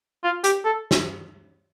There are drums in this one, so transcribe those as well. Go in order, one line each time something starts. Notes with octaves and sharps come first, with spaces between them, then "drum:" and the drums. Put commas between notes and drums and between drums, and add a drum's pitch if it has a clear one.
F4
G4, drum: hi-hat
A4
drum: snare